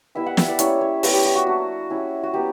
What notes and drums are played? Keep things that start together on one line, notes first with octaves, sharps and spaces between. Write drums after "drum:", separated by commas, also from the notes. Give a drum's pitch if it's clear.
G3 B3 E4 E5
F#5
E5, drum: snare
D5
G3 A#3 C#4 E4 C#5, drum: hi-hat
C#5
G3 B3 E4 B4, drum: open hi-hat
G4
G4
F#4
F#3 A#3 D4 F#4
G3 C#4 E4
F#4
F#3 B3 G4